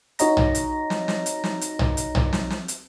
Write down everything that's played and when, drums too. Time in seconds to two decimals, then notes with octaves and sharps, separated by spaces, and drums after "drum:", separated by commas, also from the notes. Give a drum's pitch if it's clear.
0.19 D#4 F#4 C#5 D#5 A#5 A#6, drum: hi-hat
0.37 drum: tom B1
0.55 drum: hi-hat
0.90 drum: snare
1.08 drum: snare
1.26 drum: hi-hat
1.44 drum: snare
1.61 drum: hi-hat
1.79 drum: tom B1
1.97 drum: hi-hat
2.15 drum: tom B1
2.33 drum: snare
2.50 drum: snare
2.68 drum: hi-hat